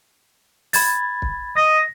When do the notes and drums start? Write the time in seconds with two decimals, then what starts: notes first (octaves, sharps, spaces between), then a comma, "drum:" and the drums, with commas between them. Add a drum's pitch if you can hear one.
0.73 B5 G#6 A6, drum: open hi-hat
1.22 drum: kick
1.57 D#5 A#6